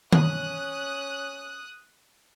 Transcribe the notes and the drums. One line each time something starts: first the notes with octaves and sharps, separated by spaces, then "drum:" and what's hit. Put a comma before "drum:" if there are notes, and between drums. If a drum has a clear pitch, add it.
C#4 D#6 F#6, drum: tom D#3